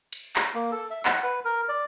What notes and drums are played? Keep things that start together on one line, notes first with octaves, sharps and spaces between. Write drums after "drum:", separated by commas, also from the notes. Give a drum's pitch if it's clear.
drum: cymbal
drum: clap
A#3
A4
E5
F#5, drum: clap
B4
A#4
D5